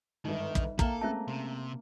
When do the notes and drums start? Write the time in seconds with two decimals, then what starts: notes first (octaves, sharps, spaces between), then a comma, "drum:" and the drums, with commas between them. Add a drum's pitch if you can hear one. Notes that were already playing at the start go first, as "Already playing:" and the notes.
0.25 G1 G#2 D#3 D#4
0.55 drum: kick
0.79 A#3 A4 E5 F5 G5 A#5, drum: kick
1.01 G#3 A3 C4 C#4 E5 A5
1.28 C3